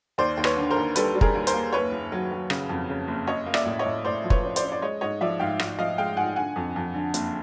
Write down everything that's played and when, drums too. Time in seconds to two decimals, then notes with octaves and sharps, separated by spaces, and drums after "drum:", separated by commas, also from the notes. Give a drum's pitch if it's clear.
0.18 D#2 C5 D5
0.37 D#2
0.44 B4 C#5, drum: rim click
0.57 D3
0.71 A#4 C5
0.77 D#2
0.96 G3 A4 B4, drum: hi-hat
1.15 G3
1.21 G#4 A#4, drum: kick
1.34 D#2
1.47 A#4 C5, drum: hi-hat
1.53 A#3
1.73 F#1 B4 C#5
1.92 F#1
2.12 F#3
2.32 F#3
2.50 C#3, drum: rim click
2.69 F2
2.89 C#3
3.08 F#1
3.27 C#4 C#5 D#5
3.46 A#3
3.54 D5 E5, drum: rim click
3.66 A2
3.79 C#5 D#5
3.86 A2
4.04 A2 C5 D5
4.24 F3
4.30 B4 C#5, drum: kick
4.44 C#4
4.56 C5 D5, drum: hi-hat
4.62 C#4
4.72 D5
4.82 G#3 C#5 D#5
5.01 G#2 C#5 D#5
5.21 F3 D5 E5
5.40 G#2 F5 G5
5.59 G#2, drum: rim click
5.79 F3 D#5 F5
5.98 G#3 F5 G5
6.17 G#2 F#5 G#5
6.36 D3 F#5 G#5
6.56 F2
6.76 F2
6.94 D3
7.14 F#1, drum: hi-hat